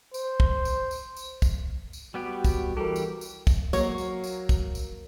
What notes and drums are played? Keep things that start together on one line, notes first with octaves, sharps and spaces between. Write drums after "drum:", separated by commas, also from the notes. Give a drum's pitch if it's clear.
C5, drum: tambourine
drum: kick
drum: tambourine
drum: tambourine
drum: tambourine
drum: kick, tambourine
drum: tambourine
G3 B3 F#4 G4
drum: kick, tambourine
E3 G3 G4 A4 A#4
drum: tambourine
drum: tambourine
drum: kick, tambourine
F#3 A#3 C#5, drum: tambourine
drum: tambourine
drum: tambourine
drum: kick, tambourine
drum: tambourine